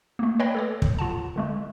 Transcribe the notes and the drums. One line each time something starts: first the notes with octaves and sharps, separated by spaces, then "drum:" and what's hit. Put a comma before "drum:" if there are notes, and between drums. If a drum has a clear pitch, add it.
A3 A#3
B4 C#5 D#5 F5 G5 B5
A4 C#5 D6
drum: kick
F4 F#5 A5
D3 G#3 A3